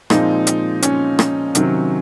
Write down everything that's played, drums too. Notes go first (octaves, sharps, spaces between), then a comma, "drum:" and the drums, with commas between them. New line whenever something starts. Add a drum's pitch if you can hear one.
A#2 F3 G#3 C4 D#4, drum: rim click
drum: hi-hat
C#4, drum: hi-hat
drum: rim click
C3 D#3 F#3 C4, drum: hi-hat